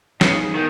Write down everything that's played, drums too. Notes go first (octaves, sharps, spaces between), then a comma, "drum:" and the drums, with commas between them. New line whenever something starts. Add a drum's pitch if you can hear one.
C#3 F3 B3 D#4 G#4, drum: snare
D#3